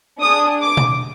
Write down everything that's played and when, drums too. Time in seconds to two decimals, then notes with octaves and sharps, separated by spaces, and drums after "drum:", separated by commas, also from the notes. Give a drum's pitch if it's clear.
0.19 D4 G#4 D#6
0.62 D6
0.77 drum: tom B2